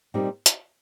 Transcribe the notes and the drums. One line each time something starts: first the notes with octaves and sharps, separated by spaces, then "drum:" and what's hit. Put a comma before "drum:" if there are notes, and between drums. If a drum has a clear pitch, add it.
A#2 G3 C4 D#4
drum: hi-hat